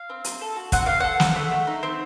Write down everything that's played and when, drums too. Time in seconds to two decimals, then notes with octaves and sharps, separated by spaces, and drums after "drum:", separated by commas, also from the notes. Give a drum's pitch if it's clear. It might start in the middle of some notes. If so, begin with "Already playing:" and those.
Already playing: F5
0.10 C4
0.24 C4, drum: hi-hat
0.41 A4
0.56 F#4
0.72 C4 F#5, drum: kick, hi-hat
0.86 C4 F5
1.00 A4 F#5
1.20 C4, drum: snare
1.36 A3
1.51 A3
1.67 D#4
1.83 C4